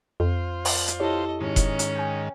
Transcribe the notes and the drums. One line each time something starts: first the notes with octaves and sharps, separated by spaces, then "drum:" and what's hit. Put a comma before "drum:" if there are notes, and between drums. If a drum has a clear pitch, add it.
F2 F4 C5
D5, drum: open hi-hat
drum: hi-hat
E4 G4 A4 C#5 D#5
G#2 D#3 C#4
drum: kick F1, hi-hat
drum: hi-hat
G5 G#5